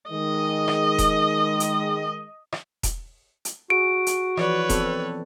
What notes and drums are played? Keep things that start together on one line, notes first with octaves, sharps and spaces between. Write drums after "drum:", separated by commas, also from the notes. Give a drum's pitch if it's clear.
D#3 G#3 D#5
drum: rim click
drum: kick E1, hi-hat
drum: hi-hat
drum: rim click
drum: kick E1, hi-hat
drum: hi-hat
F#4 G#4 D7
drum: hi-hat
E3 F3 B4 C#5 D5, drum: rim click
B3 C4 A4, drum: kick E1, hi-hat